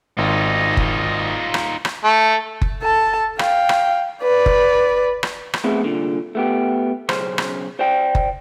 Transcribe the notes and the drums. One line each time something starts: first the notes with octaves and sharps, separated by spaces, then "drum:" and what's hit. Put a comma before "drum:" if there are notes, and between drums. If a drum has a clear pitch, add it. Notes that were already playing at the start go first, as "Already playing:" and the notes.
G#1 D#4 F4
drum: kick F#1
drum: rim click
drum: rim click
A3
drum: kick F#1
A4 A5
F5 G5, drum: rim click
drum: rim click
B4 D5
drum: kick F#1
drum: rim click
drum: rim click
A3 B3 C4 E4 G#4
C2 A#2 D3
A3 B3 G4
B1 C#3 C#4 C5 C6, drum: rim click
drum: rim click
C5 D5 G5
drum: kick F#1